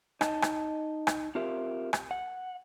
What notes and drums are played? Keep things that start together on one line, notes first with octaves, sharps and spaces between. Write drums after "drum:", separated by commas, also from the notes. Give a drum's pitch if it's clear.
D#4 D#5 A5, drum: rim click
drum: rim click
drum: rim click
C4 F4 G4 A#4 E5
drum: rim click
F#5